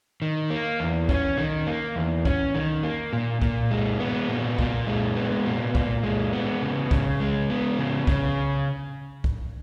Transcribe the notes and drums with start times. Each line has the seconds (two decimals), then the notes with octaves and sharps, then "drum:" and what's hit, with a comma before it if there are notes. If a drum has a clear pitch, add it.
0.22 D#3
0.50 A#3
0.80 E2
1.09 C#4, drum: kick C2
1.38 D#3
1.67 A#3
1.96 E2
2.25 C#4, drum: kick C2
2.55 D#3
2.83 A#3
3.13 A#2
3.42 A#2, drum: kick C2
3.71 G#3
4.00 B3
4.29 A#2
4.59 A#2, drum: kick C2
4.87 G#3
5.16 B3
5.45 A#2
5.75 A#2, drum: kick C2
6.04 G#3
6.33 B3
6.62 C#3
6.91 C#3, drum: kick C2
7.20 G#3
7.50 B3
7.78 C#3
8.07 C#3, drum: kick C2
9.24 drum: kick C2